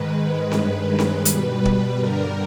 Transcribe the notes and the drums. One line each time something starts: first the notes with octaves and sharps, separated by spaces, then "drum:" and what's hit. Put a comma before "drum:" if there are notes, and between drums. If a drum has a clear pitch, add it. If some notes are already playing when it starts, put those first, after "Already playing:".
Already playing: G#2 D#3 G#3 B4
G2 D#3 G#3, drum: snare C4
drum: snare C4
B2 G3, drum: hi-hat
drum: kick D1
G2 D3 G3 A#4